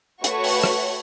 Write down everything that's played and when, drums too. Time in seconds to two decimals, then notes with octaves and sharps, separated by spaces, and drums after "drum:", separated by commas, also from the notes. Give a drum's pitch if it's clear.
0.24 A3 F#4 B4 C#5 C#6, drum: hi-hat
0.44 drum: open hi-hat
0.64 drum: rim click